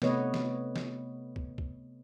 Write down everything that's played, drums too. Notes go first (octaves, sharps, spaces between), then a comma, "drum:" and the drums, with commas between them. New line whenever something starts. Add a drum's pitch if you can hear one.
C3 A3 B3 B4 C#5 D#5, drum: snare
drum: snare
drum: snare
drum: kick
drum: kick